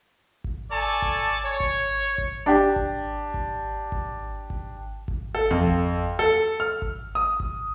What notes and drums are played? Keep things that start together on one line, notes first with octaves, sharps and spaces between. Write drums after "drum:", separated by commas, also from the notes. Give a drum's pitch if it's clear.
drum: kick G#1
A4 D5 G#5 A5 C#6
drum: kick G#1
C#5
drum: kick G#1
drum: kick G#1
D4 G4
drum: kick G#1
drum: kick G#1
drum: kick G#1
drum: kick G#1
drum: kick G#1
A4
F2
drum: kick G#1
A4
F6
drum: kick G#1
D#6
drum: kick G#1